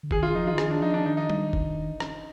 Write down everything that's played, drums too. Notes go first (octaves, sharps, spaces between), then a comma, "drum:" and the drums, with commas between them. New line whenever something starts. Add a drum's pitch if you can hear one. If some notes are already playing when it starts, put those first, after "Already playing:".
D3
D#3 G#4, drum: kick
F4
F3 D#4
F4
D3
D#3 G#4, drum: rim click
D4
F3 D#4
D4
D#3 D#4
D#4
drum: tom G3
drum: kick
drum: rim click